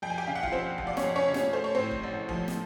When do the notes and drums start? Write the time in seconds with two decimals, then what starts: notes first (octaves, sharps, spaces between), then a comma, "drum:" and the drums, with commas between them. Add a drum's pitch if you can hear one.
0.02 F2 G5
0.10 G#5
0.18 G4 G5
0.27 C#3 F5
0.35 F#5
0.43 F4 F5, drum: kick E1
0.52 F2 C4 C5
0.78 F3, drum: kick E1
0.87 D5
0.97 C#4 C#5, drum: snare
1.03 F2
1.16 C#4 C#5
1.28 C#3
1.34 C#4 C#5, drum: snare
1.53 A3 C5
1.64 C#5
1.75 A2 C4 C5
1.91 drum: kick E1
2.03 A1
2.29 F3, drum: kick E1
2.48 drum: snare